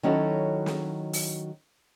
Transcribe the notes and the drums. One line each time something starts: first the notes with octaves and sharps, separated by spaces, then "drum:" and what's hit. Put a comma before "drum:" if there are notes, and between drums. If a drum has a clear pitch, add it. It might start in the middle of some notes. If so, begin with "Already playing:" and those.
D#3 F#3 C#4 E4 F#4 A4
drum: snare
drum: open hi-hat